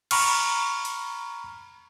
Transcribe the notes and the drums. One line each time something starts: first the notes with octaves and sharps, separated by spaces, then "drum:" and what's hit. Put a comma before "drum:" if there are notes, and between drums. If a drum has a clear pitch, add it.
A#5 B5 C#6 F6, drum: cymbal
drum: hi-hat